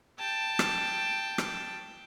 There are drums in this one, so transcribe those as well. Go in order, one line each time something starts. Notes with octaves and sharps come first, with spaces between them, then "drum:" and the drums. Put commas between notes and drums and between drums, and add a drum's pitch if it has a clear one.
G5 A5
drum: rim click
drum: rim click